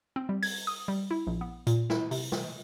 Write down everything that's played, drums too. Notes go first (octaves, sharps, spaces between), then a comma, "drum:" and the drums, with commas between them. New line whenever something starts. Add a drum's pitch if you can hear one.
C4
G3
G#6, drum: open hi-hat
D#6
G3
E4
A#1
B3
A#2, drum: hi-hat
E4, drum: snare
C3, drum: open hi-hat
drum: snare